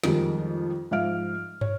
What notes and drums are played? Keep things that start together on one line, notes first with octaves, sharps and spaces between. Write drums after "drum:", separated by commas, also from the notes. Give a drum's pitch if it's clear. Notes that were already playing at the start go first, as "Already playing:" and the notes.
F2 D#3 F3 G3 G#3, drum: snare
G#2 F3 E5 F5 F6 D7
C#5, drum: tom